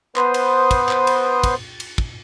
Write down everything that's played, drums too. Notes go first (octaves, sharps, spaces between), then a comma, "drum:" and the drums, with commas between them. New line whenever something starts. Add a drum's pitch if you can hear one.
B3 B4 C5 C6 D#6, drum: clap
drum: cymbal
drum: kick, cymbal
drum: clap
drum: cymbal
drum: kick, cymbal
drum: cymbal
drum: kick